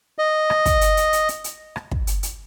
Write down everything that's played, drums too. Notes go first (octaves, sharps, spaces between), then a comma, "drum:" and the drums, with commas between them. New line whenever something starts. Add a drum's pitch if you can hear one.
D#5
drum: rim click
drum: kick, hi-hat
drum: hi-hat
drum: hi-hat
drum: hi-hat
drum: hi-hat
drum: hi-hat
drum: rim click
drum: kick
drum: hi-hat
drum: hi-hat